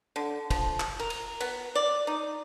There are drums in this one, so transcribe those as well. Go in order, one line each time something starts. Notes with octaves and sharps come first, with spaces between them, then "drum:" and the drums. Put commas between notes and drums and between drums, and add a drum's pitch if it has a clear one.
D3
F3, drum: kick, cymbal
drum: clap
A#4
drum: cymbal
B3, drum: cymbal
D5
D#4